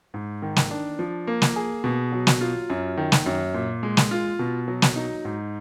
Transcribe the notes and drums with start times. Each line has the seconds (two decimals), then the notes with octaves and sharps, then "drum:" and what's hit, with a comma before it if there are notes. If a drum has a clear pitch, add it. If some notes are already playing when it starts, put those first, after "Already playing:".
0.14 G#2
0.42 D#3
0.56 drum: snare
0.71 D4
0.99 F3
1.27 A#3
1.42 drum: snare
1.56 G#4
1.84 B2
2.12 F#3
2.27 drum: snare
2.41 F4
2.70 F#2
2.97 D#3
3.12 drum: snare
3.26 F#2
3.54 A#2
3.83 G#3
3.97 drum: snare
4.11 F4
4.39 B2
4.68 F#3
4.82 drum: snare
4.96 D#4
5.25 G#2